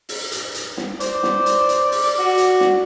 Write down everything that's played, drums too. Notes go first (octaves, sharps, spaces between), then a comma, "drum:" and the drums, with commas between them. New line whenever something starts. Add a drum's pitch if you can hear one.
drum: open hi-hat
drum: hi-hat
drum: hi-hat
drum: snare
C5 D5, drum: hi-hat
drum: snare
drum: hi-hat
drum: hi-hat
drum: open hi-hat
F#4
drum: hi-hat
drum: snare